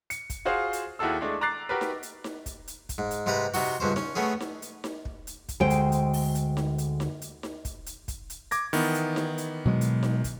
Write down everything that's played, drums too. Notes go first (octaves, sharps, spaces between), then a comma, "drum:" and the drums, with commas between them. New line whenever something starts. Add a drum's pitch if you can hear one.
C#7, drum: hi-hat
drum: kick, hi-hat
F4 F#4 G#4 C5 F5
drum: hi-hat
D#2 E4 F#4 G#4 A4 E6
G#3 A3 D4
A#5 D6 F#6 A6 C7
F#4 G4 A#4 B4
drum: snare D#4
drum: hi-hat
drum: snare D#4
drum: kick, hi-hat
drum: hi-hat
drum: kick, hi-hat
G#2
drum: hi-hat
G#2 C3 G4 B4 A#5 B5
C3 D#4 F#4, drum: open hi-hat
C#2 G2 C#4 C5
C#4, drum: snare D#4
A3 B3 C#4 G#4
drum: snare D#4
drum: hi-hat
drum: snare D#4
drum: kick
drum: hi-hat
drum: kick, hi-hat
D2 G#3 C5 G5
drum: hi-hat
drum: hi-hat
drum: open hi-hat
drum: hi-hat
drum: snare D#4
drum: hi-hat
drum: snare D#4
drum: hi-hat
drum: snare D#4
drum: kick, hi-hat
drum: hi-hat
drum: kick, hi-hat
drum: hi-hat
D6 G#6 A#6, drum: hi-hat
D#3 E3 B3, drum: open hi-hat
drum: hi-hat
drum: snare D#4
drum: hi-hat
B2 F#3 G#3
drum: hi-hat
drum: snare D#4
drum: kick, hi-hat